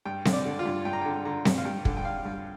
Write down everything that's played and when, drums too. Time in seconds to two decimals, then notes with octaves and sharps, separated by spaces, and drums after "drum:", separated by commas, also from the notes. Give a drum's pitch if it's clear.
0.05 G2 G5
0.25 D3, drum: snare C4
0.33 D5
0.45 D3
0.59 F4
0.65 G2
0.85 G2 G5
0.93 A#5
1.01 D3 G5
1.25 D3 A#5
1.45 G2, drum: snare C4
1.57 F5
1.65 G2 G5
1.85 D3, drum: kick
1.97 G5
2.05 D3 F5
2.25 G2